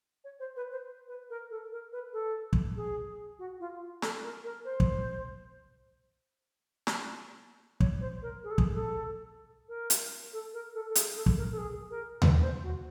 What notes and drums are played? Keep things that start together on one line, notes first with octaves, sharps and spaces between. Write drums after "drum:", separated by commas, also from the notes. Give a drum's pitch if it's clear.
C#5
C5
B4
C5
B4
A#4
A4
A#4
B4
A4
drum: kick
G#4
F#4
F4
A4, drum: snare
A#4
A#4
C5
drum: kick
drum: snare
C#5, drum: kick
C5
A#4
G#4
A4
G#4, drum: kick
A4
A#4
drum: hi-hat
A4
A#4
A4
A4
G#4, drum: hi-hat
A4
drum: kick
A#4
A4
G#4
A#4
B4, drum: tom D#2
C5
F#4